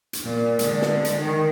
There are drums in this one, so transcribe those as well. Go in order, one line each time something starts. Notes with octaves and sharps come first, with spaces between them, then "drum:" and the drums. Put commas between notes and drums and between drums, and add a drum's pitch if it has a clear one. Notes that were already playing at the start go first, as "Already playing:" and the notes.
drum: hi-hat
A#2
D3 G#3, drum: hi-hat
drum: snare
drum: hi-hat
D#3